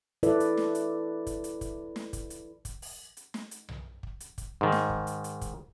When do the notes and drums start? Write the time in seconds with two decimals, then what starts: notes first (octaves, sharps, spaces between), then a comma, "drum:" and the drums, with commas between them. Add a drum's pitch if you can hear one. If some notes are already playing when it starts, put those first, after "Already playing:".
0.23 E4 A4 B4 D5, drum: hi-hat
0.40 drum: hi-hat
0.57 drum: snare
0.75 drum: hi-hat
1.27 drum: kick, hi-hat
1.44 drum: hi-hat
1.61 drum: kick, hi-hat
1.96 drum: snare
2.13 drum: kick, hi-hat
2.30 drum: hi-hat
2.65 drum: kick, hi-hat
2.82 drum: open hi-hat
3.17 drum: hi-hat
3.34 drum: snare
3.51 drum: hi-hat
3.69 drum: tom B1
4.03 drum: kick
4.20 drum: hi-hat
4.38 drum: kick, hi-hat
4.61 G#2 D#3
4.72 drum: snare
4.90 drum: kick
5.07 drum: hi-hat
5.24 drum: hi-hat
5.41 drum: kick, hi-hat